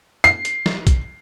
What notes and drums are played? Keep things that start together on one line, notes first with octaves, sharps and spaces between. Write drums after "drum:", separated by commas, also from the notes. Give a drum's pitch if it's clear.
C7, drum: hi-hat
drum: hi-hat
drum: snare
drum: kick B1, hi-hat